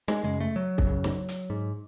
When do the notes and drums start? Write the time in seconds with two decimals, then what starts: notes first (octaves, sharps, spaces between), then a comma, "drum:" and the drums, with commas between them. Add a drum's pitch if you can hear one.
0.08 G#3, drum: snare
0.24 F#2 C#3 G#3
0.40 A3
0.56 F#3
0.78 drum: kick
0.87 F#2 C#3
1.04 drum: snare
1.28 drum: hi-hat
1.50 G#2